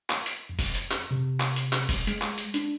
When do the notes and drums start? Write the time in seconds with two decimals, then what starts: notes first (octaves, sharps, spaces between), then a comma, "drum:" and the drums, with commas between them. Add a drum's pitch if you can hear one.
0.10 drum: clap
0.26 drum: hi-hat
0.49 F2
0.59 drum: kick, open hi-hat
0.75 drum: hi-hat
0.91 drum: clap
1.11 C3
1.40 drum: clap
1.56 drum: hi-hat
1.73 drum: clap
1.89 drum: kick, open hi-hat
2.07 G#3, drum: hi-hat
2.21 drum: clap
2.38 drum: hi-hat
2.54 D4, drum: hi-hat